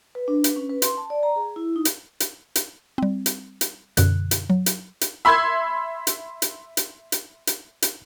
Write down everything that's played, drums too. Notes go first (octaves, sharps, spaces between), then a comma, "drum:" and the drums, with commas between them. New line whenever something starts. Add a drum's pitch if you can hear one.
B4
D4
B4, drum: hi-hat
C#4
B4
C6, drum: hi-hat
A5
D5
A#5
G#4
E4
D#4
drum: hi-hat
drum: hi-hat
drum: hi-hat
G3 C4
drum: hi-hat
drum: hi-hat
F#2 B2 D3 F#6, drum: hi-hat
drum: hi-hat
F#3
drum: hi-hat
drum: hi-hat
E5 B5 C6 E6 G#6
drum: hi-hat
drum: hi-hat
drum: hi-hat
drum: hi-hat
drum: hi-hat
drum: hi-hat